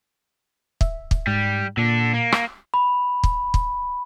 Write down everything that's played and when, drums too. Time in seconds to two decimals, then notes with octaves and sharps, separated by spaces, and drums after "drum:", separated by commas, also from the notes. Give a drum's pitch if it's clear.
0.81 E5, drum: kick
1.11 drum: kick
1.27 G#2 G3
1.77 A#2 D3 D4
2.14 A#3
2.32 drum: rim click
2.74 B5
3.24 drum: kick
3.54 drum: kick